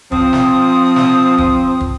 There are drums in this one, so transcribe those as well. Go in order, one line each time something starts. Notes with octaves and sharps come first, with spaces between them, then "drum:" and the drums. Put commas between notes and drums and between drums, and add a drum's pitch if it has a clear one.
F3 C4 D#6, drum: kick
drum: snare
drum: snare
drum: kick
drum: kick